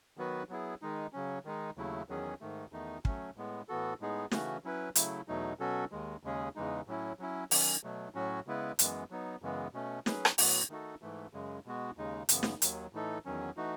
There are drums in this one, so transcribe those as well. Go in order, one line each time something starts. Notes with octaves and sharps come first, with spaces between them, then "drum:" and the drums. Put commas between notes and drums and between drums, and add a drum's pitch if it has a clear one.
D#3 F#3 B3 F#4 B4
F#3 B3 E4 G#4
D#3 G#3 D#4
C#3 F#3 C#4
D#3 G#3 D#4
D#2 C#3 F#3 A3 E4
E2 D#3 F#3 C#4 G#4
G#2 D#3 A3
E2 D#3 A3 D#4
F#3 A3 C#4, drum: kick
A2 G#3 B3
A2 E3 B3 F#4 A4
A2 G#3 B3 D#4 G#4
C#3 E3 A3 C#4 F#4, drum: snare
F#3 C#4 E4 B4
C#3 F#3 A3 E4, drum: hi-hat
E2 B2 F#3 A3 D#4
B2 F#3 C#4 F#4 A4
D#2 D#3 G#3
D#2 C#3 G#3 C#4 G#4
E2 C#3 E3 G#3 D#4
A2 F#3 C#4 E4
F#3 C#4 E4
D#3 F#3 C#4, drum: open hi-hat
B2 F#3 A3
A2 F#3 C#4 F#4
C#3 G#3 B3 E4 B4
F#2 E3 G#3 B3, drum: hi-hat
F#3 B3 D#4
F#2 C#3 E3 G#3 B3
B2 A3 C#4
F#3 C#4 G#4 B4, drum: snare
drum: rim click
A2 F#3 B3 F#4, drum: open hi-hat
D#3 A3 D#4 F#4 A4
G#2 E3 A3
F#2 C#3 G#3
B2 G#3 B3 F#4
D#2 C#3 G#3 D#4
F#2 C#3 E3 B3, drum: hi-hat
drum: snare
D#2 D#3 F#3, drum: hi-hat
A2 E3 A3 D#4 A4
E2 D#3 F#3 C#4
E3 A3 D#4 F#4